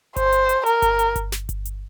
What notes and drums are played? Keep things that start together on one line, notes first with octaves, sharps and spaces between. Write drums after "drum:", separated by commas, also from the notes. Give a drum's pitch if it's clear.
C5, drum: kick G1, hi-hat
drum: hi-hat
drum: hi-hat
A#4, drum: hi-hat
drum: kick G1, hi-hat
drum: hi-hat
drum: kick G1, hi-hat
drum: snare
drum: kick G1, hi-hat
drum: hi-hat